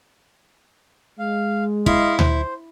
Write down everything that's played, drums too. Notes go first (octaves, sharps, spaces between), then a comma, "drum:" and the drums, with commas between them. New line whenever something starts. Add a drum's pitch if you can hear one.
G#3 F5
E4 D#5 F5 C6, drum: kick
C5, drum: tom D2